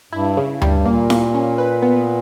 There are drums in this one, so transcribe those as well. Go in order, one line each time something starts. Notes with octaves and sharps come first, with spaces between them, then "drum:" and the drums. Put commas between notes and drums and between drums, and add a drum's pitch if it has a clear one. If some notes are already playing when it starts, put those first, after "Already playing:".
G2 E4
C#3
G2 G3, drum: tom D2
A#2 A#3
A#3, drum: snare E4
C#4
B4
B3